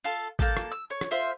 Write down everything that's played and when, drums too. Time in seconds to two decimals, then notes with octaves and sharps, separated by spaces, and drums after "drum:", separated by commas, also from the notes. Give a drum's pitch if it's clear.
0.04 F4 A4
0.39 A#3 A4 A5 G6, drum: kick
0.57 drum: rim click
0.71 E6
0.90 C#5
1.01 drum: rim click
1.11 F4 C5 E5